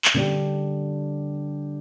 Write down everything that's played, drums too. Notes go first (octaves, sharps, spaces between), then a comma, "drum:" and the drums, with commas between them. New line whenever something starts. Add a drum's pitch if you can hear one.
drum: clap
D3 G3 D4 G4